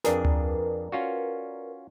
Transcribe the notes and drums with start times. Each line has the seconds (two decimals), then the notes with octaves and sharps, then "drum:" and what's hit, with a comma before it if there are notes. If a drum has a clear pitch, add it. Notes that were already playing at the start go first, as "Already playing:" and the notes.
0.04 F2 D4 G#4 A#4 B4 D5, drum: snare
0.25 drum: tom D2
0.92 C#4 F4 F#4